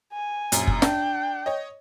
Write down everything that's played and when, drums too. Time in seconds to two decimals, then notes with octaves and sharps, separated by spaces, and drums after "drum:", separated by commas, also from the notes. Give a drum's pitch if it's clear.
0.13 G#5
0.52 A#1 F#2, drum: hi-hat
0.67 drum: kick
0.82 D4 G5, drum: snare
1.46 C#5 D#5